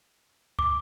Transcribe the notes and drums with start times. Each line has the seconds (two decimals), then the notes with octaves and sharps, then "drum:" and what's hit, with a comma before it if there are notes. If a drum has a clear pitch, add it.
0.59 D6, drum: kick